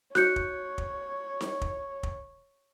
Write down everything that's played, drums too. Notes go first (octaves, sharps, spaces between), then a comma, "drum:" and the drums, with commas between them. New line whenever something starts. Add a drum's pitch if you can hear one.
F#4 C#5 F#6 G6 C#7, drum: snare D#4
drum: kick
drum: kick
drum: snare D#4
drum: kick
drum: kick